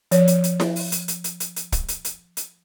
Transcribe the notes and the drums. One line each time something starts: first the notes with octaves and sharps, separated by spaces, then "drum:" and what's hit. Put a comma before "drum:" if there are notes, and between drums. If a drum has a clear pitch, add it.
F3 C#5, drum: hi-hat
drum: hi-hat
drum: hi-hat
drum: snare E4
drum: open hi-hat
drum: hi-hat
drum: hi-hat
drum: hi-hat
drum: hi-hat
drum: hi-hat
drum: kick, hi-hat
drum: hi-hat
drum: hi-hat
drum: hi-hat